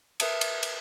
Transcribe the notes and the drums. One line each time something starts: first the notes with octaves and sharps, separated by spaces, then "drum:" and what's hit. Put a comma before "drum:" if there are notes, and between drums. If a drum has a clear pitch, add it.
A#4 B4 E5 A5 D#6, drum: cymbal
drum: cymbal
drum: cymbal